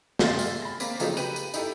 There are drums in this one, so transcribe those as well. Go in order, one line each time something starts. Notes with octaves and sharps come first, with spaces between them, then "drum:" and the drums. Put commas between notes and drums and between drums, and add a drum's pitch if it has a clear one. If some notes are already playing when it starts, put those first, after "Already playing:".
G#4 E5 F5 C6 A6, drum: snare
drum: tambourine
B5 A#6
A#3 C4 B6, drum: tambourine
C#3 F3 F#3 A3 C4 D#4, drum: tambourine
G4 B4 D#7 F#7, drum: tambourine
drum: tambourine
D#4 E4 G4 A4, drum: tambourine